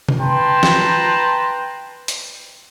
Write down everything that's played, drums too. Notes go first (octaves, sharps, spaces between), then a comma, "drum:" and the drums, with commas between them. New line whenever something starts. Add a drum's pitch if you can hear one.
drum: tom C3
B4 G5 A5 A#5 C6
drum: snare
drum: hi-hat